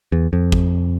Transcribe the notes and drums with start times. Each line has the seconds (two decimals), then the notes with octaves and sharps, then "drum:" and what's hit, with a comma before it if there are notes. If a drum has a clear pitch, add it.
0.12 E2
0.33 F2
0.52 drum: kick